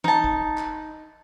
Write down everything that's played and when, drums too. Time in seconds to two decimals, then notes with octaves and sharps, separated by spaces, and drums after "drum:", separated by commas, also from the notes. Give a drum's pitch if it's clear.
0.04 D#4 A5, drum: tom
0.24 drum: kick
0.58 drum: clap